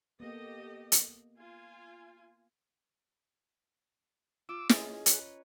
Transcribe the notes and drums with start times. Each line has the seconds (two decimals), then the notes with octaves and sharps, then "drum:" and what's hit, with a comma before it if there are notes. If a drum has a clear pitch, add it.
0.20 A#3 B3 G4 A4 D#5
0.92 drum: hi-hat
1.36 F4 G#5
4.49 F4 D6 E6
4.69 C#4 G#4 D#5, drum: snare
5.06 B4 C#5 A#5, drum: hi-hat